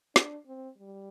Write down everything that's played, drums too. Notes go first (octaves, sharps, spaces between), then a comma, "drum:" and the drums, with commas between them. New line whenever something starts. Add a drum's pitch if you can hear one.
D4, drum: snare
C4
G3